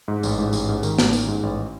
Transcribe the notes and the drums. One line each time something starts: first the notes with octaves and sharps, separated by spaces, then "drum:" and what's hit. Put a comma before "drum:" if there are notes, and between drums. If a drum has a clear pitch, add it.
G#2
A1, drum: tambourine
G#2
A1, drum: tambourine
G#2
D#3, drum: tambourine
A1, drum: snare
D#3, drum: tambourine
G#2
A1